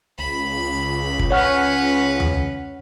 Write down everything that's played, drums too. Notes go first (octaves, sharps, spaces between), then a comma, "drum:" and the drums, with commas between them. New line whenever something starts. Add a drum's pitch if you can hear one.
C#2 B5
drum: kick
C#4 B4 C#5 F#5 F6
drum: tom E2